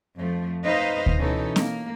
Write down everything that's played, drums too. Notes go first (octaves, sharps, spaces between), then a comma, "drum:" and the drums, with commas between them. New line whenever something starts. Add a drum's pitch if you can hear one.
F2 F3 A3
D#4 B4 C5 D#5 F5
drum: kick D2
B2 E3 C#4 D#4 A4
A#3, drum: snare C4